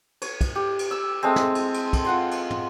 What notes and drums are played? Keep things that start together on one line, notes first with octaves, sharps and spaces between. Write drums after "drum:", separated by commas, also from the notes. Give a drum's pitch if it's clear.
C#5, drum: cymbal
drum: kick, cymbal
G4
drum: cymbal
E6
G#3 A3 C4
drum: snare
drum: cymbal
drum: cymbal
drum: kick, cymbal
F4 F#5 C6
drum: cymbal
drum: tom